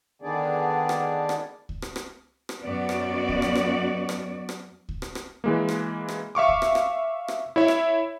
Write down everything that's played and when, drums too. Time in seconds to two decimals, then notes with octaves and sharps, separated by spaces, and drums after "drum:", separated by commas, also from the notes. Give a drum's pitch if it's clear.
0.22 D3 D#3 B3 D4 G#4 D5
0.89 drum: rim click
1.29 drum: rim click
1.69 drum: kick C#2
1.82 drum: rim click
1.96 drum: rim click
2.49 drum: rim click
2.62 F#2 B3 F#4 D5
2.89 drum: rim click
3.29 drum: kick C#2
3.42 drum: rim click
3.55 drum: rim click
4.09 drum: rim click
4.49 drum: rim click
4.89 drum: kick C#2
5.02 drum: rim click
5.15 drum: rim click
5.44 E3 G#3 A#3
5.69 drum: rim click
6.08 drum: rim click
6.35 E5 F5 C#6 D6
6.48 drum: kick C#2
6.62 drum: rim click
6.75 drum: rim click
7.28 drum: rim click
7.56 E4 C#5 E5
7.68 drum: rim click